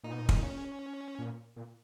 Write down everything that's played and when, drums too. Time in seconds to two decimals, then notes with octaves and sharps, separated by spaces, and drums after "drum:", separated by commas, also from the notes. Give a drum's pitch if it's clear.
0.03 A#2 D#4
0.12 B2
0.19 A#2
0.29 drum: kick
0.43 C#4
1.19 A#2
1.56 A#2